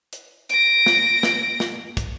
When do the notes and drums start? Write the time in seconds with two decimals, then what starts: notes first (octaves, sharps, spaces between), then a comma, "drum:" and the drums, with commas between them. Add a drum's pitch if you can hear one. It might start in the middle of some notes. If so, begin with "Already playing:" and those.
0.13 drum: hi-hat
0.50 A#6 D7, drum: hi-hat
0.86 drum: snare
1.23 drum: snare
1.60 drum: snare
1.97 drum: kick, hi-hat